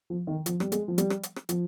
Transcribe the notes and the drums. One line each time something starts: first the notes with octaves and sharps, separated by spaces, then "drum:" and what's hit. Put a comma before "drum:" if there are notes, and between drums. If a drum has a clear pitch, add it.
F3
D#3
F3, drum: hi-hat
G3, drum: rim click
G#3, drum: hi-hat
F3
G3, drum: hi-hat
drum: rim click
drum: hi-hat
drum: rim click
F3, drum: hi-hat